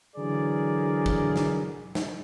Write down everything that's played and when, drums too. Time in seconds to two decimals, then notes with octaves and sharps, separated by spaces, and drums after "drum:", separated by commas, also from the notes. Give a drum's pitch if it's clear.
0.17 D3 E3 F#3 G#4 A#4 D5
1.06 drum: kick
1.36 drum: snare
1.95 drum: snare